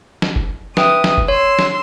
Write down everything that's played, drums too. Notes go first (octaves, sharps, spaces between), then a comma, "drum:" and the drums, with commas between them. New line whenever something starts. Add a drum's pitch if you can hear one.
drum: snare
drum: kick F1
B4 E5 G5 D#6, drum: snare
drum: snare
drum: kick F1
C#5 C6 E6
drum: snare